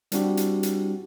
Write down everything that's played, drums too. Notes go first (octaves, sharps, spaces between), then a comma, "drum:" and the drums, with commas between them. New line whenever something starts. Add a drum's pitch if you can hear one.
G3 C4 D4 E4 F#4 G4, drum: hi-hat
drum: hi-hat
drum: hi-hat